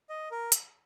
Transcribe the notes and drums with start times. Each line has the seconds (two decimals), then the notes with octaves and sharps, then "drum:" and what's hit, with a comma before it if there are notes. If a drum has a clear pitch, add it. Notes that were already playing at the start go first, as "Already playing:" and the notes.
0.09 D#5
0.31 A#4
0.52 drum: hi-hat